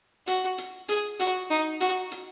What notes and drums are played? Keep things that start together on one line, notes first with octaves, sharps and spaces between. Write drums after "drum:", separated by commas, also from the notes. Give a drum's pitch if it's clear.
F#4, drum: hi-hat
drum: hi-hat
G#4, drum: hi-hat
F#4, drum: hi-hat
D#4
F#4, drum: hi-hat
drum: hi-hat